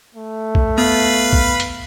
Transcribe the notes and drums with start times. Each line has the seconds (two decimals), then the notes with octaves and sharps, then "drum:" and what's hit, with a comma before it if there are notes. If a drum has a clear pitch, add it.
0.15 A3
0.55 drum: kick A#1
0.78 B3 B4 F5 B5
1.33 drum: kick A#1
1.60 drum: hi-hat